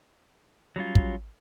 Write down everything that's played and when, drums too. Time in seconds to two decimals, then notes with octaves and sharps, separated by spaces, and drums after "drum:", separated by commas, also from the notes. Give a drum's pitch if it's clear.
0.76 F#3 G3 C#4 F4
0.95 drum: kick